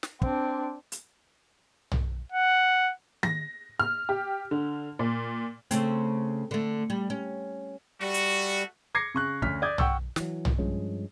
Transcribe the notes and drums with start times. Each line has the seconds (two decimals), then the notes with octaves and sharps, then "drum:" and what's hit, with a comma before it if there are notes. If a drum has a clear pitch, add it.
0.03 drum: snare
0.22 C4 D4, drum: kick
0.92 drum: hi-hat
1.92 drum: tom
2.32 F#5
3.23 A#6, drum: tom D#3
3.80 F6
4.09 G4
4.51 D3
4.99 A#2
5.71 C#3 A3 C4, drum: hi-hat
6.51 D3 A3
6.90 G3
7.10 C#4
8.01 G3 A3 F#4
8.14 drum: hi-hat
8.95 D6 G#6 A#6 C7 C#7
9.14 C#3 C#6 F#6
9.42 D2 C#4 F6 B6, drum: kick
9.62 D5 D6 D#6 G6 G#6
9.78 F#5 G5 C#6 E6 G6, drum: tom
10.16 E3 F#3, drum: snare
10.45 drum: tom
10.58 G2 F3 G#3 C#4